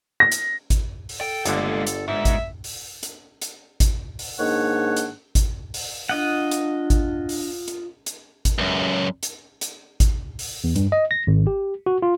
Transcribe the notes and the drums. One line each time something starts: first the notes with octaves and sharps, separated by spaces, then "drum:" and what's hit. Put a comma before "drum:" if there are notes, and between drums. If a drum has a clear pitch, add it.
A#6
drum: hi-hat
drum: kick G#1, hi-hat
drum: open hi-hat
A4 G5
G1 D3 G#3 A#3, drum: hi-hat
drum: hi-hat
G#2 E5
drum: kick G#1, hi-hat
drum: open hi-hat
drum: hi-hat
drum: hi-hat
drum: kick G#1, hi-hat
drum: open hi-hat
G#2 D#3 A#3 D4 C#5 F#5
drum: hi-hat
drum: kick G#1, hi-hat
drum: open hi-hat
D4 F4 D#5 F#5
drum: hi-hat
drum: kick G#1, hi-hat
drum: open hi-hat
drum: hi-hat
drum: hi-hat
drum: kick G#1, hi-hat
C#2 F#2
drum: hi-hat
drum: hi-hat
drum: kick G#1, hi-hat
drum: open hi-hat
E2
G2, drum: hi-hat
D#5
A#6
G#1
G4
F#4
F4